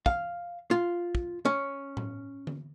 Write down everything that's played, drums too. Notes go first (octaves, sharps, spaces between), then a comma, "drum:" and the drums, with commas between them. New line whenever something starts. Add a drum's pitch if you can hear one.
F5, drum: kick
F4
drum: kick
C#4
drum: tom A2
drum: tom D3